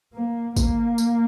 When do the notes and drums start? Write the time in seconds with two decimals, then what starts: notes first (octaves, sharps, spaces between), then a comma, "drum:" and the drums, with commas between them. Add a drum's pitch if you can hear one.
0.14 A#3
0.56 A#3, drum: kick, tambourine
0.98 drum: tambourine